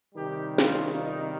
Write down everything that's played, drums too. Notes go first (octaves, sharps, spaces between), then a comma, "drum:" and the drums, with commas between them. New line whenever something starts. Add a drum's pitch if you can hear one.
C3 D#3 G3 G4
F4, drum: snare
D#4